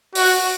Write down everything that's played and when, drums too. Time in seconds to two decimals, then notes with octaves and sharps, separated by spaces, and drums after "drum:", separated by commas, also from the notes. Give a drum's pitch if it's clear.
0.15 F#4, drum: open hi-hat